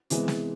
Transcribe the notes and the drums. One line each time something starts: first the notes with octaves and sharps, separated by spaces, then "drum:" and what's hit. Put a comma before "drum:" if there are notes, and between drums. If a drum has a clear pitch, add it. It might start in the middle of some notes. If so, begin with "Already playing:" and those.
C3 E3 G#3 B3, drum: hi-hat
drum: snare